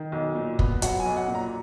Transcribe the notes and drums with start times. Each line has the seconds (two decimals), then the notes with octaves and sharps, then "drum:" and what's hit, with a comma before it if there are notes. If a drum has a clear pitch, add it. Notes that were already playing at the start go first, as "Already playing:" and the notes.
Already playing: D#3
0.12 B1
0.35 A#2
0.59 B3, drum: kick
0.82 F#3 F#5, drum: hi-hat
1.00 G#5
1.06 B1
1.17 F#5
1.28 A#2
1.35 A#5